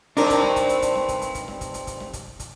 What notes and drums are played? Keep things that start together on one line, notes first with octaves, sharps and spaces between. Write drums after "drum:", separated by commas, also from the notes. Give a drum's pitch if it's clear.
G2 C4 D4 D#4 A#4, drum: hi-hat
drum: kick, hi-hat
drum: snare
drum: kick, hi-hat
drum: hi-hat
drum: kick, hi-hat
drum: snare
drum: kick, hi-hat
drum: hi-hat
drum: kick, hi-hat
drum: snare
drum: kick, hi-hat
drum: hi-hat
drum: kick, hi-hat
drum: snare
drum: kick, hi-hat
drum: kick, hi-hat